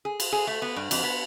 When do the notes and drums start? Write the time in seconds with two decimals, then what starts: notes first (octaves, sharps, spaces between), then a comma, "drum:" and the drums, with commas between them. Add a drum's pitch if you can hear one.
0.05 G#4
0.20 drum: cymbal
0.32 G#4
0.47 A3
0.62 B3
0.76 G2
0.91 F2, drum: cymbal
1.03 B3